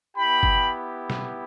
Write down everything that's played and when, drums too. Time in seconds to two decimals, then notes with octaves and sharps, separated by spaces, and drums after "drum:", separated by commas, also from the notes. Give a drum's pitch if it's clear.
0.16 B3 E4 G4 G5 B5
0.43 drum: kick G1
1.10 drum: snare